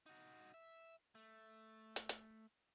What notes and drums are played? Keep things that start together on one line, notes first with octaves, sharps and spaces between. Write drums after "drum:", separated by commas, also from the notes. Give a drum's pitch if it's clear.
D#4 F#4
E5
A3
drum: hi-hat
drum: hi-hat